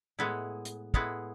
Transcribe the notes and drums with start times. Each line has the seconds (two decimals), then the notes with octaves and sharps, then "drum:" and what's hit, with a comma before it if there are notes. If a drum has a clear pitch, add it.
0.19 A2 G#3 B3 E4
0.65 drum: hi-hat
0.94 A2 G#3 B3 E4, drum: kick